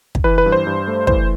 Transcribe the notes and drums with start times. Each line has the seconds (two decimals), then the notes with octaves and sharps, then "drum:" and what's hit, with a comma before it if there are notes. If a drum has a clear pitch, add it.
0.15 drum: kick
0.24 E3 B4
0.38 B4
0.46 G2
0.52 C5
0.67 G2
0.88 A3
1.07 E3 C5, drum: kick